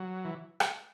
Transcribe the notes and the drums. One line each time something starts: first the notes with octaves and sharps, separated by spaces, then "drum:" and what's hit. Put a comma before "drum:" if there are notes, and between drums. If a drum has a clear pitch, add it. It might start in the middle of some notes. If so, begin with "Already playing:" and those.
Already playing: F#3
E3
drum: rim click